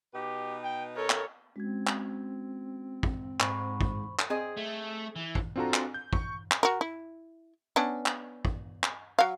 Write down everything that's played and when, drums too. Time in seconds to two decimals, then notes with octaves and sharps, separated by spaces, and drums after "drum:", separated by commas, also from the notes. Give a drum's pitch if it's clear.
0.15 B2 D#4 G4 B4
0.63 G5
0.96 A4 A#4 C#5
1.10 drum: clap
1.56 G#3 C4 C#4 F#4 G#6
1.87 drum: clap
3.03 drum: kick
3.40 G#2 C5 B5 C#6, drum: clap
3.81 drum: kick
4.19 drum: clap
4.30 C4 G#4 D#5
4.57 A3
5.16 E3
5.35 drum: kick
5.56 C4 D4 F4 F#4 A4 A#5
5.74 drum: clap
5.94 G6
6.13 C#6, drum: kick
6.51 drum: clap
6.63 F#4 A#4
6.81 E4
7.76 B3 C#4 D4
8.06 drum: clap
8.45 drum: kick
8.83 drum: clap
9.19 F#3 F5